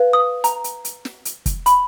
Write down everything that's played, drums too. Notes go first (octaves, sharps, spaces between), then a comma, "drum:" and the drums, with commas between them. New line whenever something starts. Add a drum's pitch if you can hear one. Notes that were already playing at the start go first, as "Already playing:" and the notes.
Already playing: B4 F5
D#6
A#5, drum: hi-hat
drum: hi-hat
drum: hi-hat
drum: snare
drum: hi-hat
drum: kick, hi-hat
B5, drum: hi-hat